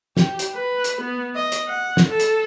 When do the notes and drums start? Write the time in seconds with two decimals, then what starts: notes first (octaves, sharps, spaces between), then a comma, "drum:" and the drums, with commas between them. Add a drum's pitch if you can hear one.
0.17 G4, drum: snare
0.39 drum: hi-hat
0.55 B4
0.84 drum: hi-hat
1.01 B3
1.35 D#5
1.52 drum: hi-hat
1.68 F#5
1.97 drum: snare
2.09 A4
2.20 drum: hi-hat